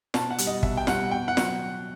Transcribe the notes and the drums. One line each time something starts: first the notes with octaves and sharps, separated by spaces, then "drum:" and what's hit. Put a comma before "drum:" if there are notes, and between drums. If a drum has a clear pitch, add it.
B2 A5, drum: snare
F#5
G3, drum: hi-hat
D#5
B2 E5, drum: kick
G5
G3 F#5, drum: snare
B2 G5
F#5
F#3, drum: snare